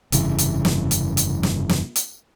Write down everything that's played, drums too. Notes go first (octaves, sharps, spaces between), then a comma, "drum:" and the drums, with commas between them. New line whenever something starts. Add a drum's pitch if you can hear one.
F1 G2 C#3 E3, drum: hi-hat
drum: hi-hat
drum: snare
drum: hi-hat
drum: hi-hat
drum: snare
drum: snare
drum: hi-hat